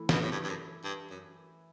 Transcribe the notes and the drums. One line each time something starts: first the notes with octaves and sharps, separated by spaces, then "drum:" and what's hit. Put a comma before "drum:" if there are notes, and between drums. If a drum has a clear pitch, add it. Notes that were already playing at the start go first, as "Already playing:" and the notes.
Already playing: E3 A3 E4
B2, drum: snare
A2
G2
G2
F#2
G2
F#2